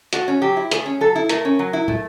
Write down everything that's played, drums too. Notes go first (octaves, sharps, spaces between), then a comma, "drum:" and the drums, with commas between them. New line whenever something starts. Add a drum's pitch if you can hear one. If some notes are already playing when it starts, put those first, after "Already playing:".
A3 F#4, drum: hi-hat
C#4
F#3 G4
E4
A3 G#4, drum: hi-hat
C#4
F#3 A4
E4
A3 A#4, drum: hi-hat
C#4
F#3
E4
A3, drum: tom